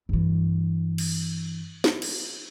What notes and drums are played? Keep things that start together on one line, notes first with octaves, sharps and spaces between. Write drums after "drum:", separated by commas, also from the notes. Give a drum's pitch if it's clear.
G2 E3
drum: cymbal
drum: snare
drum: cymbal